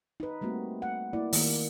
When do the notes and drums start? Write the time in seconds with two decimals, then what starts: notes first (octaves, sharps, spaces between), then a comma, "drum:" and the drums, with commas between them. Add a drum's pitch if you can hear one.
0.20 D#4 B4
0.41 G3 A3 A#3 C4 F#4
0.82 F#5
1.13 A#3 E4 D5
1.33 D#3 A3 A#3, drum: open hi-hat